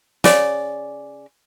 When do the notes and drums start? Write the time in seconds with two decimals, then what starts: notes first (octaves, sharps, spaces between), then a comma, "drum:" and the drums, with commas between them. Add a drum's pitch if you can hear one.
0.24 C#3 D5, drum: snare